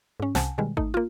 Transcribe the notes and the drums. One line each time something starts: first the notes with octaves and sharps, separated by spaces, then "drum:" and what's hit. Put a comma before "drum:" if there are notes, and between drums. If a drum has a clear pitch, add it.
G#2 C#4
C2 C3 F#5 G#5 A5, drum: snare
B2 D#3 G3 G#3
A3 D#4, drum: kick G#1
A#3 F4